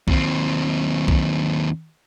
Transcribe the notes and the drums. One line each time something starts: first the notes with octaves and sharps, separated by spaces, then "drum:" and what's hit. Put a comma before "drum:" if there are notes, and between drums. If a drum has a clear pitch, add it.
D#2 C4, drum: kick B1
drum: kick B1